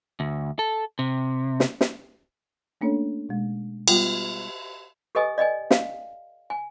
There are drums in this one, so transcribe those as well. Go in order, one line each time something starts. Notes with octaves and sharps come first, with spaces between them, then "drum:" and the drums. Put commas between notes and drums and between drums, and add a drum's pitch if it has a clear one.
D2
A4
C3
drum: snare
drum: snare
A3 A#3 C#4 D4 A4 C#5
B2 G#3
G3 B3 F4 F#5 G5, drum: cymbal
G4 A4 B4 D#5 G#5 D#6
D5 D#5 G5 G#5
F5, drum: snare
G#5